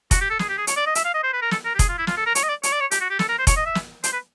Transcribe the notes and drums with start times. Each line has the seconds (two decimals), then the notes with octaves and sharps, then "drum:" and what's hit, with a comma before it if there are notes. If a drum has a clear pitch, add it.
0.11 F#4, drum: kick F1, hi-hat
0.21 G4
0.30 A4
0.39 G#4, drum: snare
0.49 G4
0.58 G#4
0.67 C#5, drum: hi-hat
0.76 D5
0.86 D#5
0.95 E5, drum: hi-hat
1.05 F5
1.14 D#5
1.23 C5
1.33 B4
1.42 A#4
1.51 A4, drum: snare
1.65 A#4
1.75 G4
1.79 G#4, drum: kick F1, hi-hat
1.89 F4
1.98 E4
2.07 F4, drum: snare
2.17 A4
2.26 A#4
2.35 C#5, drum: hi-hat
2.43 D#5
2.49 D5
2.63 C#5, drum: hi-hat
2.72 D5
2.80 C#5
2.91 G4, drum: hi-hat
3.01 F#4
3.10 G4
3.19 A4, drum: snare
3.29 A#4
3.38 C5
3.47 C#5, drum: kick F1, hi-hat
3.56 D#5
3.66 E5
3.75 drum: snare
4.04 C5, drum: hi-hat
4.13 B4